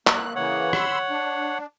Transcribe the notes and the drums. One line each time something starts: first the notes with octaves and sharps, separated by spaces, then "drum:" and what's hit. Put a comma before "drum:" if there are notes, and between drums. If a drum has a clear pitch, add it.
A#3 F#6, drum: clap
C#3 E3 A#3 C#5 F#5
B5 C6 E6, drum: rim click
D4